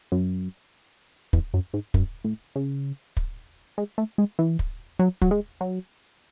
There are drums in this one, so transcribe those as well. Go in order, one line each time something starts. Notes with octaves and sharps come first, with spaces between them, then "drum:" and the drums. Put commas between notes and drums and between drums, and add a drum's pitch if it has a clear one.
F#2
E2, drum: kick
F#2
G#2
F#2, drum: kick
A2
C#3
drum: kick
G#3
A3
G#3
E3
drum: kick
F#3
F#3, drum: kick
G#3
F#3